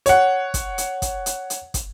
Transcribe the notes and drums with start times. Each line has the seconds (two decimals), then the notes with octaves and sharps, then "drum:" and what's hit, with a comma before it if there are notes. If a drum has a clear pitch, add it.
0.06 C#5 F#5, drum: hi-hat
0.54 drum: kick, hi-hat
0.78 drum: hi-hat
1.02 drum: kick, hi-hat
1.26 drum: hi-hat
1.50 drum: hi-hat
1.74 drum: kick, hi-hat